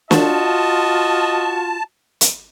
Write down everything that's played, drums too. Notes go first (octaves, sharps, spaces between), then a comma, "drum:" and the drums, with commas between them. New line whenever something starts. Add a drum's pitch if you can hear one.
F4 F#4 D#5 A5, drum: snare
drum: hi-hat